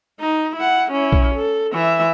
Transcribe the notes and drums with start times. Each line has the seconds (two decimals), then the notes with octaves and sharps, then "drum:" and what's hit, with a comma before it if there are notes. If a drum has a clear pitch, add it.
0.20 D#4
0.56 E4 F#5
0.91 C#4 E4
1.12 drum: kick A#1
1.35 A4
1.73 E3 E5